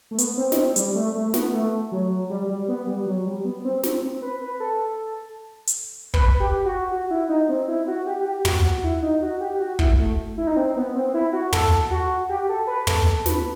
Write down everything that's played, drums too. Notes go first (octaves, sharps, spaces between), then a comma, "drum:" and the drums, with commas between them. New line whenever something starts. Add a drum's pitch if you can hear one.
A3
B3, drum: hi-hat
C4
D#4, drum: snare
C4
G3, drum: hi-hat
A3
A3
A3
B3, drum: snare
A3
F#3
G3
G3
B3
G3
F#3
G3
B3
C4
C4, drum: snare
C4
B4
B4
A4
drum: hi-hat
B4, drum: kick
G4
F#4
F#4
E4
D#4
C4
E4
F#4
G4
G4
F#4, drum: tom
F#4
E4
D#4
F#4
G4
F#4
E4, drum: kick
A3
E4
D#4
C4
B3
C4
E4
F#4
A4, drum: tom
F#4
G4
A4
B4
A4, drum: tom
A4
B4, drum: snare